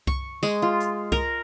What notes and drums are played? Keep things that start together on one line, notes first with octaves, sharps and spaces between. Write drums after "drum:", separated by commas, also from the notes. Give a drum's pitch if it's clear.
C#6, drum: kick C2
G#3, drum: tambourine
F4
drum: hi-hat
A#4, drum: kick C2